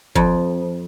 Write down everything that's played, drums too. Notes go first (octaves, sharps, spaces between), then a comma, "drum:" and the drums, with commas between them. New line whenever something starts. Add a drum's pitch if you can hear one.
F2, drum: kick F#1